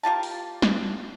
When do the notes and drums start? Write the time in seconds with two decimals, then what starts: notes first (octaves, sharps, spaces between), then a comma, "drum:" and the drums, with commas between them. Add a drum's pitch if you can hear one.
0.03 A#3 F4 G4 A5
0.23 drum: open hi-hat
0.62 drum: snare